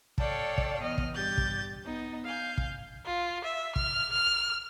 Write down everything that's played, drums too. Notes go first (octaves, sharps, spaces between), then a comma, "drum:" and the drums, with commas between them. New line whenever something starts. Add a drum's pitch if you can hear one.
A4 C#5 D5 F5 G5 A5, drum: kick
drum: kick
E2 D#5 F6
drum: kick
G2 G4 G6 A6
drum: kick
B3 D#4
F5 G#5 G6
drum: kick
F4
E5
F6, drum: kick
F6